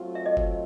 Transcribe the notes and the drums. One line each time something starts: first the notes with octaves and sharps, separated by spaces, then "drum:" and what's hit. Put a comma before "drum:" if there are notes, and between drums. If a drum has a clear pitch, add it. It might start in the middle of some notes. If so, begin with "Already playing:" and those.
Already playing: F#3 A3 C4 F4
E5
D#5
drum: kick F#1